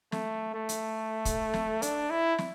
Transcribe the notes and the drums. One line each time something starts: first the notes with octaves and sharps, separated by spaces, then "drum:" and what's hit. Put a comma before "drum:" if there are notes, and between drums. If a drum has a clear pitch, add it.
A3, drum: snare
A3
drum: hi-hat
drum: kick, hi-hat
drum: snare
D4, drum: hi-hat
E4
drum: snare